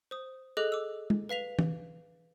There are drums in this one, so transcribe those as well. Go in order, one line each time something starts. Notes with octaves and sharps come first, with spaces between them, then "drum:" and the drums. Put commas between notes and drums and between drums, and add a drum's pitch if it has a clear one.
C5 D#6
G#4 A4 D#5 D6 F#6
D6 E6
drum: tom
B4 F5 B6 F7
drum: tom